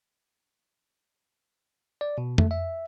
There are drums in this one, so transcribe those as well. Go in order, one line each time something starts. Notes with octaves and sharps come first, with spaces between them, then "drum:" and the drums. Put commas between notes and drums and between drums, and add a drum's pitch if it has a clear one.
D5
B2
A3, drum: tom F2
E5